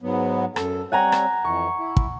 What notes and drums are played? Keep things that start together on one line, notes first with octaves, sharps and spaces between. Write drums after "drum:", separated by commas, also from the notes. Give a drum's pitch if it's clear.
G#2 F#3 B3
F#2 A4, drum: rim click
G3 C4 C#5 F#5 G#5 A#5
drum: rim click
F2 E3 C#6
E4
drum: kick